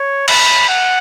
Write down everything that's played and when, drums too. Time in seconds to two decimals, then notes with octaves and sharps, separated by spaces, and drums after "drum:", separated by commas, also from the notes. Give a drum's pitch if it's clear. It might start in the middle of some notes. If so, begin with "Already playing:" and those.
Already playing: C#5
0.28 B5, drum: cymbal
0.69 F#5